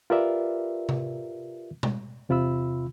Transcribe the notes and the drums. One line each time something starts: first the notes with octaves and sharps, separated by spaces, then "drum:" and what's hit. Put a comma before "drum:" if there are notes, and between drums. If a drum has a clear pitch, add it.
F4 G4 A#4 B4 D5 E5
drum: tom C3
drum: tom
E2 C3 F4 B5 E6